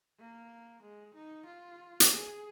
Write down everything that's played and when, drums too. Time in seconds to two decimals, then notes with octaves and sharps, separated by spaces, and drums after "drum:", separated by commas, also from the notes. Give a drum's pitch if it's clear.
0.19 A#3
0.82 G#3
1.14 D#4
1.45 F4
2.00 drum: hi-hat
2.10 G#4